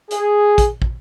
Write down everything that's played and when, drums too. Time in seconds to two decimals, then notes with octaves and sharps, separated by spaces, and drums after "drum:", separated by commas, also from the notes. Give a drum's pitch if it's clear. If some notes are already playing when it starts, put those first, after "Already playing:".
0.11 G#4, drum: hi-hat
0.58 drum: kick, hi-hat
0.82 drum: kick